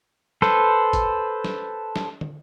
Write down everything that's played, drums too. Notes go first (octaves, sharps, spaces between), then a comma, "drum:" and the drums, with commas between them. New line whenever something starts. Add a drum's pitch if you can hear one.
A4 B4 C5, drum: snare
drum: kick G1, hi-hat
drum: snare
drum: snare
drum: tom